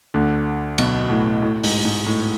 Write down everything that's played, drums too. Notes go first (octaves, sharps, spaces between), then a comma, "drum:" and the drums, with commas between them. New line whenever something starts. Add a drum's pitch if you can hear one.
D2 D3
B1 B2, drum: cymbal
A2
A2
G#2, drum: open hi-hat
G#2
A2